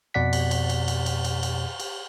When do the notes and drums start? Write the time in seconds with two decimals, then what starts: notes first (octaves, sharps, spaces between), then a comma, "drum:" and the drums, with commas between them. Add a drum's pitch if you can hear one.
0.14 F2 B2 D5 F#5 B6
0.33 drum: cymbal
0.51 drum: cymbal
0.69 drum: cymbal
0.88 drum: cymbal
1.06 drum: cymbal
1.24 drum: cymbal
1.43 drum: cymbal
1.80 drum: cymbal